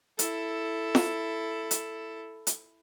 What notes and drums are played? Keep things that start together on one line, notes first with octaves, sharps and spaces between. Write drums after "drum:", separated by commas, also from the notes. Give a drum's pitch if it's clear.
E4 A4, drum: hi-hat
drum: snare F4
drum: hi-hat
drum: hi-hat